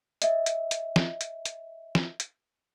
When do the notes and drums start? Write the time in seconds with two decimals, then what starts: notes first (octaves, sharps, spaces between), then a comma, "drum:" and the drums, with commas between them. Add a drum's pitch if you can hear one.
0.22 D#5 E5, drum: hi-hat
0.46 drum: hi-hat
0.71 drum: hi-hat
0.96 drum: snare
1.21 drum: hi-hat
1.45 drum: hi-hat
1.95 drum: snare
2.20 drum: hi-hat